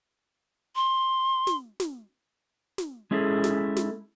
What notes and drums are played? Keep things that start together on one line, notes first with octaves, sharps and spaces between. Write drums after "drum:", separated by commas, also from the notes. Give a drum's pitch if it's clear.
C6
drum: snare
drum: snare
drum: snare
G#3 C#4 E4 G#4 A4
drum: snare
drum: snare